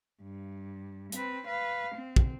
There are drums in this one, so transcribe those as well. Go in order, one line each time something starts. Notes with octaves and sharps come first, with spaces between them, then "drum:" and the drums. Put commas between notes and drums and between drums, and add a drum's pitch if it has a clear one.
G2
C4 B4, drum: hi-hat
B4 F5
C4
drum: kick